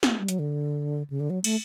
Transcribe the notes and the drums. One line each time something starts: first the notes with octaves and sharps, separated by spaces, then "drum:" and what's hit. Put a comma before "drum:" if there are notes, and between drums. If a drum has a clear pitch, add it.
drum: snare
G3
F#3, drum: hi-hat
D3
C#3
D3
F#3
A3, drum: cymbal